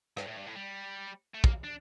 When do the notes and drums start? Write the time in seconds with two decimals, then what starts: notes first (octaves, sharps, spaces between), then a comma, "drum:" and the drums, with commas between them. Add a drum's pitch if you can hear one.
0.17 G2, drum: rim click
0.27 A2
0.37 G2
0.46 A2
0.56 G3
1.34 A3
1.44 A#3, drum: kick
1.64 D4